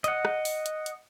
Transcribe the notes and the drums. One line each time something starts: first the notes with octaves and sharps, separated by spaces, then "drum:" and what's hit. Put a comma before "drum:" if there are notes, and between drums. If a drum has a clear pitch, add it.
D#5 F#5, drum: hi-hat
drum: rim click
drum: open hi-hat
drum: hi-hat
drum: hi-hat